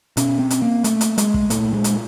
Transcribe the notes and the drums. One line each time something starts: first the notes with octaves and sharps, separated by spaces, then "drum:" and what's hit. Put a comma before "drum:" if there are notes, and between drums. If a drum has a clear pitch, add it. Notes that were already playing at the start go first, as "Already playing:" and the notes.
B2 C#4, drum: hi-hat
C4
drum: hi-hat
A#3
A3, drum: hi-hat
drum: hi-hat
G#3, drum: hi-hat
drum: kick
A#2 A3, drum: hi-hat
G#3
drum: hi-hat